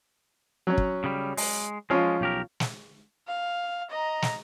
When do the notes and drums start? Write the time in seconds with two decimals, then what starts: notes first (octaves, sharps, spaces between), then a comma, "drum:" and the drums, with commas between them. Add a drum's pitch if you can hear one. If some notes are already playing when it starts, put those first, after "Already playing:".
0.67 F#3 C#4
0.78 drum: kick
1.04 C#3 G3
1.37 G#3, drum: open hi-hat
1.90 F3 G#3 C#4 F4
2.21 B1 G4 A#4
2.60 drum: snare
3.27 F5
3.90 D#5 A#5
4.22 drum: snare